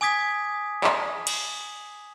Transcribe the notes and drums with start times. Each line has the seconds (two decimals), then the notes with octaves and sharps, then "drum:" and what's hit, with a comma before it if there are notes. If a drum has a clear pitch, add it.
0.01 G#5 D6 D#6 G#6 B6
0.84 drum: clap
1.27 drum: cymbal